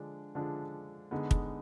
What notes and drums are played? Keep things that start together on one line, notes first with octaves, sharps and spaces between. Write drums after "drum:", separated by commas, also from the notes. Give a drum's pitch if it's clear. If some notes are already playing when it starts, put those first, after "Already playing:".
Already playing: D3 F3 G#3 D4
D3 F3 G#3 D4
D3 G#3 B3 D#4
drum: kick